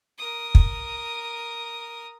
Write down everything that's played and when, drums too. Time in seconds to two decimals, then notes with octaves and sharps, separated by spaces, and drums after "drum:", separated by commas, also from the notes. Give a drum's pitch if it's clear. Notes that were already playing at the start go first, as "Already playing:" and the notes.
0.19 A#4 D#6
0.55 drum: kick